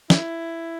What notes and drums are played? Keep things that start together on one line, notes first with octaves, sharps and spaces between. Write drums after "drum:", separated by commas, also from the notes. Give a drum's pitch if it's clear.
E4, drum: snare